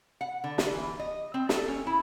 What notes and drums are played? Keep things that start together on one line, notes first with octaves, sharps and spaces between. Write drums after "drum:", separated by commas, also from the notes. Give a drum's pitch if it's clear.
F#5
D3
drum: snare
E3
D#5
C4
A4, drum: snare
C#4
E4